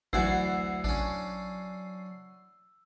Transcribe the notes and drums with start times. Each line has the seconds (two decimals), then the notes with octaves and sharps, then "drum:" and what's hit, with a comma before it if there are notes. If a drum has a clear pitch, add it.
0.13 D2 E3 F#3 F#4 D5 A#5 E6 C7, drum: kick A1
0.84 C#4 D4, drum: kick A1